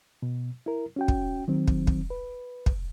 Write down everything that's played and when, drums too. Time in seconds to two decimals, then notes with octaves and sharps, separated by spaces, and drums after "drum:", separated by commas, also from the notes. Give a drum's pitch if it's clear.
0.22 B2
0.66 E4 A#4
0.96 C#4 F#4 G5
1.08 drum: kick
1.48 D#3 F#3 C4
1.68 drum: kick
1.87 drum: kick
2.10 B4
2.66 drum: kick